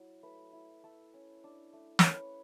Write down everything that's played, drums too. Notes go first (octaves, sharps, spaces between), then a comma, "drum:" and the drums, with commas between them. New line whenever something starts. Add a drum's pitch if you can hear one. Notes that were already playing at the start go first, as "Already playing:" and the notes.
Already playing: F#3 E4
A3 B4
E4
A3 A4
C#4
D4
A3
C#4 B4 C#5, drum: snare